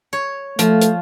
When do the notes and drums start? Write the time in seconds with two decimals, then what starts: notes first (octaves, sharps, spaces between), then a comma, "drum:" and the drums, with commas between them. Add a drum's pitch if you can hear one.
0.13 C#5
0.59 F3 A3, drum: hi-hat
0.81 drum: hi-hat